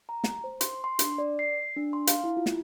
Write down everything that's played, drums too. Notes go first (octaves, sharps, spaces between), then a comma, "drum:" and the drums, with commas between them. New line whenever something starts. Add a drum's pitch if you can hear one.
A#5
drum: snare
C5
C6, drum: hi-hat
C6
D4, drum: hi-hat
D5
C7
D4
C6
F5, drum: hi-hat
E4
F4
drum: snare